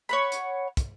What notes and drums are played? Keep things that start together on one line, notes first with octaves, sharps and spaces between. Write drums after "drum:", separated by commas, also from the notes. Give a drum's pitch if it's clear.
C#5 F#5 B5
drum: hi-hat
drum: kick, hi-hat